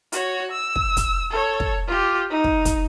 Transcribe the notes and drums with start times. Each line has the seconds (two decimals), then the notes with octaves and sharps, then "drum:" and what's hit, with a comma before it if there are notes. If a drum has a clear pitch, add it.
0.12 F#4 C#5, drum: hi-hat
0.51 E6
0.76 drum: kick
0.97 drum: kick, hi-hat
1.31 A4 C#5
1.60 drum: kick
1.87 F4 G4
2.31 D#4
2.44 drum: kick
2.65 drum: kick, hi-hat